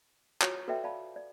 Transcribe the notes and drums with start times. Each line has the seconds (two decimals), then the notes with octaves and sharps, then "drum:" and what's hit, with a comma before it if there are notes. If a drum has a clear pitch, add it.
0.42 F4 F#4 C#5 A#5 C#6, drum: clap
0.67 F#4 A4 B4 D5 E5 G5
0.84 D5 F5 A5 B5
1.16 D5